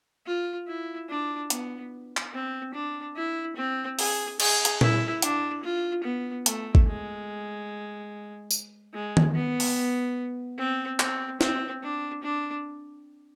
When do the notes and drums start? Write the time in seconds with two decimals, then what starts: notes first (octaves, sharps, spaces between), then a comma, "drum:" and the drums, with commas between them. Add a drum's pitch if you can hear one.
0.26 F4
0.67 E4
1.09 D4
1.50 B3, drum: hi-hat
2.17 drum: clap
2.33 C4
2.74 D4
3.16 E4
3.57 C4
3.99 G#4, drum: open hi-hat
4.40 G#4, drum: cymbal
4.65 drum: hi-hat
4.81 E4, drum: tom A#2
5.22 D4, drum: hi-hat
5.63 F4
6.04 B3
6.46 A3, drum: hi-hat
6.75 drum: kick G#1
6.87 G#3
8.51 drum: tambourine
8.94 G#3
9.17 drum: tom D#3
9.34 B3
9.60 drum: open hi-hat
10.58 C4
11.00 C4, drum: clap
11.41 C4, drum: snare
11.83 D4
12.23 D4